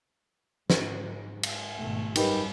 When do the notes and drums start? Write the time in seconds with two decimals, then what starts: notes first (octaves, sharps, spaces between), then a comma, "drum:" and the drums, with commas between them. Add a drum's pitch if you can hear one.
0.70 G#2, drum: snare
1.43 drum: cymbal
1.78 G#1 B2 A3
2.16 F#2 D#3 G3 G4 B4, drum: cymbal